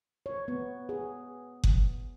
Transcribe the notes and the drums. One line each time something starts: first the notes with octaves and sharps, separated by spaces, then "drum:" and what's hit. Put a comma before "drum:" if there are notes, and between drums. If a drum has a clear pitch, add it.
C#5
B3
G#4
drum: kick F#1